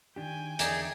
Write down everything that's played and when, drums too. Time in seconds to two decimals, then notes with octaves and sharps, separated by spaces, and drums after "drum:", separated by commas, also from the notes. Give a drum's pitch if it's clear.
0.16 D#3 D4 G4 G5 G#5
0.59 E2 D3 D#4 G#4 D5 E5 A#5, drum: hi-hat